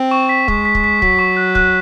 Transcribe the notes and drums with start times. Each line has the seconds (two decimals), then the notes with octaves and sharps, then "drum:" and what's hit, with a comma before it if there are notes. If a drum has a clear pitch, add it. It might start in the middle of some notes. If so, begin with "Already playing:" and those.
Already playing: C4
0.11 C#6
0.29 B6
0.48 G#3 C#6, drum: kick
0.65 B6
0.75 drum: kick
0.84 B6
1.02 F#3 B6, drum: kick
1.19 C#6
1.37 F#6
1.55 F#6, drum: kick